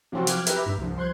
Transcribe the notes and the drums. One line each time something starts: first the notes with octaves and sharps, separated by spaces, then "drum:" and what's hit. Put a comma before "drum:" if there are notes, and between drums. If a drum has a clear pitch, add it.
C3 F3 F#3 C4 F4 F#4
D6 F6 F#6 G#6, drum: hi-hat
G4 B4 E5 A#5, drum: hi-hat
G2
C2 F3
C5 C6 F#6 G#6